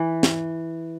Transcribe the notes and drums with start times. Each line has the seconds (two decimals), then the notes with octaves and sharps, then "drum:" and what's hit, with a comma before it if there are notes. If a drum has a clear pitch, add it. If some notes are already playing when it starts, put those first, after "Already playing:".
Already playing: E3
0.23 drum: snare